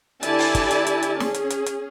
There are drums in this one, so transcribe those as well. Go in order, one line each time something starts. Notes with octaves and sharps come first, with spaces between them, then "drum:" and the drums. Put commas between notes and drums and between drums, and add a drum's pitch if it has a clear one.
D3 E4 G4 D5 G#5 A5, drum: hi-hat
drum: open hi-hat
drum: kick, hi-hat
drum: hi-hat
drum: hi-hat
drum: hi-hat
C#4 G#4, drum: snare
drum: hi-hat
drum: hi-hat
drum: hi-hat